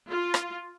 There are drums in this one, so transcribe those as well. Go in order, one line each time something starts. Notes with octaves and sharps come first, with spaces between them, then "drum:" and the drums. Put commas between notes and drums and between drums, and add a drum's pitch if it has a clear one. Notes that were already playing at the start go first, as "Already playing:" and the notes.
F4
drum: rim click